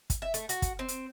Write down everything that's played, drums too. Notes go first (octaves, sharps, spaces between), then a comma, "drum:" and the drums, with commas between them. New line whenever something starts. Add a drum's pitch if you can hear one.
drum: kick, hi-hat
E5
A3, drum: hi-hat
F#4, drum: hi-hat
drum: kick, hi-hat
C4
drum: hi-hat